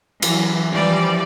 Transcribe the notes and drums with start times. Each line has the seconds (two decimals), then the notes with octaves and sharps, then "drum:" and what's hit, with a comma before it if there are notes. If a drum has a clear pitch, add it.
0.22 E3 F#3, drum: cymbal
0.73 E3 F3 G3 D5